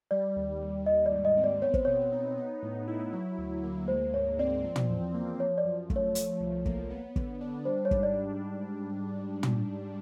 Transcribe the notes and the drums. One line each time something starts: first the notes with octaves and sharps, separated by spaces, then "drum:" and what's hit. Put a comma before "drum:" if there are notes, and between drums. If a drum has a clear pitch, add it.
G3 D5
D#2
D#2
G3 D#5
D5
G#2
D#5
C4
D5
B3 C#5
C5, drum: kick
B2 C#5
D#4
B3
A2
E4
F#3
D2
A#3
G#3 C5
G#2 C#5
C4 D5
F3
drum: tom
E2
A#3
F3 C#5
D5
F#2
A3, drum: kick
C#5
F3, drum: hi-hat
C2
A#3, drum: kick
B3
D3, drum: kick
D4
G3 C5
C#5
G#2, drum: kick
D5
drum: tom